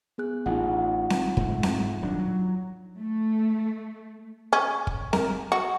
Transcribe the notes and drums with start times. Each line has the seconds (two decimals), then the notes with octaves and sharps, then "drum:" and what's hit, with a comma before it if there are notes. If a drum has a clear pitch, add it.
0.18 B3 G#4 F#6
0.46 A1 D#4 F4 F#5
1.10 drum: snare C4
1.37 G#2 A3, drum: kick
1.63 drum: snare C4
2.01 D#1 F#3 D4
2.18 F#3
2.98 A3
4.53 C#4
4.87 drum: kick
5.13 A#4, drum: snare C4
5.52 F#4